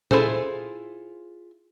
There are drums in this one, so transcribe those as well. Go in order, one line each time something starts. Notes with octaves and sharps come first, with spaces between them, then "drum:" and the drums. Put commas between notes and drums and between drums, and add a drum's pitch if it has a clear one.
E4 F4 G#4 A4 C5, drum: tom A#2